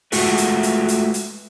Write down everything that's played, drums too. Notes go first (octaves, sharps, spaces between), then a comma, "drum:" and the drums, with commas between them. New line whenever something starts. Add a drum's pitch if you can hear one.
G#3 A3 F4 F#4 B4, drum: open hi-hat
drum: hi-hat
drum: hi-hat
drum: hi-hat
drum: hi-hat